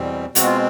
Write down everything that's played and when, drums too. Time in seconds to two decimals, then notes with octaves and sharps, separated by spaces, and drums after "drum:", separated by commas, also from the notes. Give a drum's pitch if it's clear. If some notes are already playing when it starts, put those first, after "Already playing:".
Already playing: E2 B2 G3 C4
0.35 B2 G#3 C4 F#4, drum: hi-hat
0.46 F4